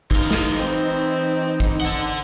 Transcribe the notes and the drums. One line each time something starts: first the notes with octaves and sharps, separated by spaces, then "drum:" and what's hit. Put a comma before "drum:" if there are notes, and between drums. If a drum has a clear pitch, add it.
E3 D#4 F5, drum: kick
drum: snare
C4
drum: kick
A4 F#5